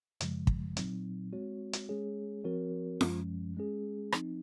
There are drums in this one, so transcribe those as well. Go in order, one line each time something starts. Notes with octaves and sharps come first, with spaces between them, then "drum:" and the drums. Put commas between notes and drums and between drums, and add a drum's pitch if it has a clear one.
F#2 C#3 F3 G#3, drum: hi-hat
drum: kick
A#2 F#3 C4 D#4, drum: hi-hat
G#3 C4 F#4 C#5
drum: hi-hat
G#3 C#4 G#4 C#5
F3 C4 F#4 A#4 C#5
F#2 F3 G#3 C#4, drum: snare F4
G#3 C#4 G#4
F3 C4 D#4, drum: rim click